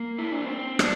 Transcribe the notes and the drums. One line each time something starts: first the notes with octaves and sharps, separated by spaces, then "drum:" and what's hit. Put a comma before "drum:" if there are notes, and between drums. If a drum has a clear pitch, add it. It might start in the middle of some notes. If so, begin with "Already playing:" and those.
Already playing: A#3
E4
D4
C4
D4, drum: rim click